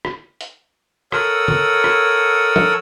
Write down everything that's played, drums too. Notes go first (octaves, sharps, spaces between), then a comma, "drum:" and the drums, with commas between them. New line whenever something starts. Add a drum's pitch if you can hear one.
drum: rim click
drum: hi-hat
A4 A#4 C#5 F#5 D#6 E6, drum: rim click
drum: tom
drum: rim click
drum: tom